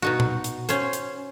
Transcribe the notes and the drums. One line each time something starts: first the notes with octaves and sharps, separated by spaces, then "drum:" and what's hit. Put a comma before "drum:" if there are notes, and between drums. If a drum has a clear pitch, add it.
B2 D#4 F#4
drum: tom
drum: hi-hat
C#4 C5, drum: hi-hat
drum: hi-hat